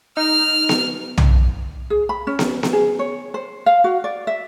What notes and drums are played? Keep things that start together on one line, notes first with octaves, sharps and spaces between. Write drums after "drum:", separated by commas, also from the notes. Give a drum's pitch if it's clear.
D#4 F6
drum: snare B3
drum: tom
G#4
B5
C#4
drum: snare B3
drum: snare B3
G#4
C#5
C5
F5
F#4
D5
E5